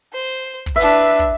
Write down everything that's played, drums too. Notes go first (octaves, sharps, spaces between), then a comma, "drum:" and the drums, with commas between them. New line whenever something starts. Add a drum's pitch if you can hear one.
C5
drum: kick
D4 B4 E5
drum: kick